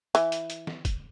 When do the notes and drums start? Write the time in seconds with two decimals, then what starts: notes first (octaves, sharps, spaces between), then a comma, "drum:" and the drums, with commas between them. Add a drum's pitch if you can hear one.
0.15 E3, drum: hi-hat
0.32 drum: hi-hat
0.50 drum: hi-hat
0.67 drum: snare
0.85 drum: kick, hi-hat